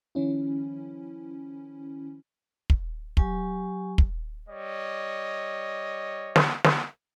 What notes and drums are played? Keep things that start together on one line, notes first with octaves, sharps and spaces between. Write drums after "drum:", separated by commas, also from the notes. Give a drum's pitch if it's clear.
D#3 F3 C#4 E4
drum: kick
F#3 G4 G#5 C#6, drum: kick
drum: kick
G3 C#5 D#5
drum: snare
drum: snare